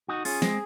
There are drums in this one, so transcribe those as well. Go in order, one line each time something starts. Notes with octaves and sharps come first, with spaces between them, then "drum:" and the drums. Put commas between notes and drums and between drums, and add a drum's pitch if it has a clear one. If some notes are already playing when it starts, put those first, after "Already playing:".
D#4 F#4
C#4 F4 G#4, drum: open hi-hat
G#3 C4, drum: snare